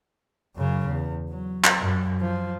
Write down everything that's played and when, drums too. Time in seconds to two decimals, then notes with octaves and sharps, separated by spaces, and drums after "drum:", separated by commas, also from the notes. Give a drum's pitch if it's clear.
0.56 F#2 C#3
0.87 E2
1.30 F#3
1.64 drum: clap
1.79 F#2
2.21 F3